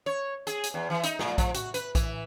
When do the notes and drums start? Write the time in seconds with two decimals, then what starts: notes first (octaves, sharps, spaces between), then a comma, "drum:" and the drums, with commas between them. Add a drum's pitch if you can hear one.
0.06 C#5
0.47 G#4, drum: hi-hat
0.64 drum: hi-hat
0.74 E2
0.90 E3
1.03 D#4, drum: hi-hat
1.19 A#2, drum: snare
1.38 F3, drum: kick A#1, hi-hat
1.54 F#4, drum: hi-hat
1.74 B4, drum: hi-hat
1.95 E3, drum: kick A#1, hi-hat